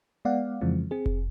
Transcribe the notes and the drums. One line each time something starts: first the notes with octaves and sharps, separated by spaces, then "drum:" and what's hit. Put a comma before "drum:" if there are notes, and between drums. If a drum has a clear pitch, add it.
G#3 B3 D5 F5 F#5
F2 C#3 E3 F3 G#3 C4
C4 G#4
drum: kick F1